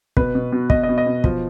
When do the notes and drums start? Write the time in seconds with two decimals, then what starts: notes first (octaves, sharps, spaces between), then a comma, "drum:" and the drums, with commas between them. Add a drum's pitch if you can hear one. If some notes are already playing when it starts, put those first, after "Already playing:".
0.17 B2 B4, drum: kick
0.35 B2
0.52 B2
0.70 B2 D#5, drum: kick
0.83 D#5
0.89 B2
0.98 D#5
1.07 B2
1.24 F3, drum: kick